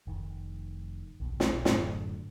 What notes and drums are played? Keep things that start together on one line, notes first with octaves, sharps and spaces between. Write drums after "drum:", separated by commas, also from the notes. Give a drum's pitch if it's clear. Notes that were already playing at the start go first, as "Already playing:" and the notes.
F1 D#3
A#1 D#2 B2
drum: snare
F#2 A2 D3, drum: snare